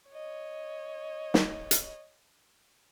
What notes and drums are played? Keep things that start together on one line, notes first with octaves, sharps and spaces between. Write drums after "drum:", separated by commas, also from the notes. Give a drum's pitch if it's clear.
C#5 D#5
drum: snare
drum: hi-hat